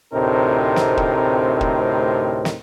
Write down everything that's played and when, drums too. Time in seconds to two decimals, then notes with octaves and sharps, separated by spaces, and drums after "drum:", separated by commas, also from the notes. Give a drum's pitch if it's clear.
0.13 D2 A2 C3 C4 D#4 A#4
0.76 drum: snare
0.97 drum: kick
1.61 drum: kick
2.45 drum: snare